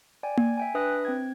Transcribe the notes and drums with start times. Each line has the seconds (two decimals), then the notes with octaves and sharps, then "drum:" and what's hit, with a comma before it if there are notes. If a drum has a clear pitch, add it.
0.23 D5 G5 G#5
0.37 G#6, drum: tom A#3
0.57 E5 G5 G#5
0.74 D4 B4 E5 D#6 F#6 A#6
1.05 C4 G5 G#6